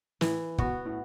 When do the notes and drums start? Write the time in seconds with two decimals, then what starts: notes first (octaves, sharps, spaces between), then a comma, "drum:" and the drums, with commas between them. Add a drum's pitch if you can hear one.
0.21 A2 E3, drum: snare
0.58 B2 B3 F#4, drum: kick
0.85 A2